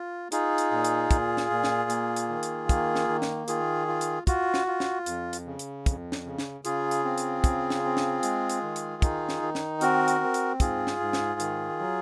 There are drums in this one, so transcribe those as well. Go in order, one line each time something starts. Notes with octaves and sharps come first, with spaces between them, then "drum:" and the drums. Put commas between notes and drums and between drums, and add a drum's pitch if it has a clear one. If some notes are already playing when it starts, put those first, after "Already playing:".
Already playing: F4
D#4 F4 G#4, drum: hi-hat
drum: hi-hat
A#2
drum: hi-hat
A#2, drum: kick, hi-hat
drum: snare
A#2
drum: snare
A#3, drum: hi-hat
drum: hi-hat
D#3
drum: hi-hat
A#3, drum: kick, hi-hat
drum: snare
D#3
drum: snare
D#3 F4 G#4, drum: hi-hat
F4
drum: hi-hat
F4 F#4, drum: kick, hi-hat
drum: snare
F4
drum: snare
F2, drum: hi-hat
drum: hi-hat
C#3
drum: hi-hat
F2, drum: kick, hi-hat
drum: snare
C#3
drum: snare
C#3 F4 G#4, drum: hi-hat
drum: hi-hat
C4
drum: hi-hat
C#3, drum: kick, hi-hat
drum: snare
C4
drum: snare
G#3, drum: hi-hat
drum: hi-hat
D#3
drum: hi-hat
D#4, drum: kick, hi-hat
drum: snare
D#3
drum: snare
C4 F#4 A#4, drum: hi-hat
drum: hi-hat
C4
drum: hi-hat
G#2 F4 G#4, drum: kick, hi-hat
drum: snare
G#2
drum: snare
D#3, drum: hi-hat
F#3